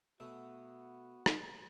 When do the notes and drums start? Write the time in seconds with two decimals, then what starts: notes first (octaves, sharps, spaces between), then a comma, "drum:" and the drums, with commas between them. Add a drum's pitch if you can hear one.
0.20 B2 A3 B3 F#4 E5
1.26 drum: rim click